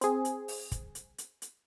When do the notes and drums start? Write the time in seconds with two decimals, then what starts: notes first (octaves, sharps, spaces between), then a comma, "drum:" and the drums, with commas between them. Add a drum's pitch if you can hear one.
0.01 C4 G#4, drum: hi-hat
0.25 drum: hi-hat
0.48 drum: open hi-hat
0.72 drum: kick, hi-hat
0.95 drum: hi-hat
1.18 drum: hi-hat
1.42 drum: hi-hat